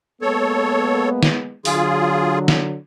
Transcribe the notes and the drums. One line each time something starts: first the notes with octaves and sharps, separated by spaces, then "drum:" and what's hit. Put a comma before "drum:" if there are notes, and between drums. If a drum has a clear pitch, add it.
G#3 A#3 B3 A4 C#5
drum: snare
D3 F#3 F4 G#4, drum: open hi-hat
drum: snare